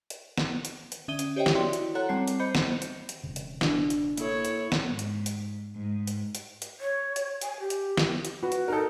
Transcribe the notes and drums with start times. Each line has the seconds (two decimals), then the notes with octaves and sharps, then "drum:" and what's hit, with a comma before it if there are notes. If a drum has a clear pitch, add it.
0.10 drum: hi-hat
0.38 drum: snare
0.65 drum: hi-hat
0.92 drum: hi-hat
1.08 D3 C#4 E5 D#6 D#7 G7
1.19 drum: hi-hat
1.36 G4 C5 C#5 D#5 E5 G5
1.46 drum: snare
1.55 E4 F#4 D5 G5 C6
1.73 drum: hi-hat
1.95 A4 C#5 F#5 A#5 F#6
2.09 G3 C4 A5 C7
2.28 drum: hi-hat
2.39 C5 D#5 B5 G6 C#7
2.55 drum: snare
2.82 drum: hi-hat
3.09 drum: hi-hat
3.23 E1 C#3
3.36 drum: hi-hat
3.61 D4, drum: snare
3.90 drum: hi-hat
4.17 A#3 E4 A4 C#5, drum: hi-hat
4.45 drum: hi-hat
4.72 drum: snare
4.89 G#2
4.99 drum: hi-hat
5.26 drum: hi-hat
5.76 G#2
6.07 drum: hi-hat
6.35 drum: hi-hat
6.62 drum: hi-hat
6.80 C#5
7.16 drum: hi-hat
7.41 G#5, drum: hi-hat
7.60 G4
7.70 drum: hi-hat
7.97 drum: snare
8.25 drum: hi-hat
8.43 F#4 B4
8.52 drum: hi-hat
8.68 D#4 A4 A#4